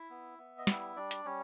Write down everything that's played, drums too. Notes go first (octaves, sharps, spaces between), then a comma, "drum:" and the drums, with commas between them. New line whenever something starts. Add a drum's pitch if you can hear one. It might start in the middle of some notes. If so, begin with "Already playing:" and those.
Already playing: E4 E5
B3
B3
D#5
G3 E4 E5, drum: snare
G3 D4 D5
drum: hi-hat
G3 C#4 C#5